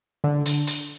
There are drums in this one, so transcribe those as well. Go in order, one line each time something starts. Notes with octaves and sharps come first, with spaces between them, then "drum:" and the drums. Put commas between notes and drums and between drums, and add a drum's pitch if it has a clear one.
D3
drum: hi-hat
drum: hi-hat